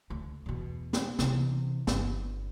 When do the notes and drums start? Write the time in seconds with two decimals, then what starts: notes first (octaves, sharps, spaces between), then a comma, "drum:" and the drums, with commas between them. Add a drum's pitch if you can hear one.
0.10 D2
0.46 E2 B2
0.93 drum: snare
1.19 C3 E3, drum: snare
1.87 G1 B3, drum: snare